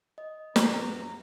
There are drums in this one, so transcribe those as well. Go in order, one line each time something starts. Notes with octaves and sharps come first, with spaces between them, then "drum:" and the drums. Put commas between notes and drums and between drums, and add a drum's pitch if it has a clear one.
D#5
A#1 F#2 B3 A#5, drum: snare